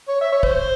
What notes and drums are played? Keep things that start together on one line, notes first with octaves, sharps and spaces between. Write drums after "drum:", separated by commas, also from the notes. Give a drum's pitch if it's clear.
C#5
E5
C#5
C5, drum: kick